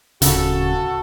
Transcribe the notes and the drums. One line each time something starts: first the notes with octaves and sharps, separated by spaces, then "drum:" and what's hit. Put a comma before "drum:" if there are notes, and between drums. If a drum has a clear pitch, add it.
D1 C#3 F#4 A4, drum: hi-hat